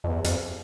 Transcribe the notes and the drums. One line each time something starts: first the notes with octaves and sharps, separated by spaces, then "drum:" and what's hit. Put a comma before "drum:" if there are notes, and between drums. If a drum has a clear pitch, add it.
F2
E2
F2, drum: hi-hat